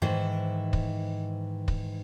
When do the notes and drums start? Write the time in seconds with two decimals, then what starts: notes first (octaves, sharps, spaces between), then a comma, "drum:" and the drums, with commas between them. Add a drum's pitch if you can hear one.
0.02 G#2 D#3 E3 C5
0.73 drum: kick
1.68 drum: kick